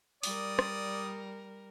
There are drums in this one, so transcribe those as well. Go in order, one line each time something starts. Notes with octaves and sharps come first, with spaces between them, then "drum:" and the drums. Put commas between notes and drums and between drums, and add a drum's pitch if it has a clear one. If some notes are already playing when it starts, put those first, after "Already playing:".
G3 A#4 D5 D#6, drum: open hi-hat
drum: rim click